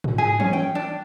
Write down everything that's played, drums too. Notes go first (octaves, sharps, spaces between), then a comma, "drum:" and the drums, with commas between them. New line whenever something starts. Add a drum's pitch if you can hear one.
drum: tom G#2
G#4
C#4, drum: tom E3
G5
D4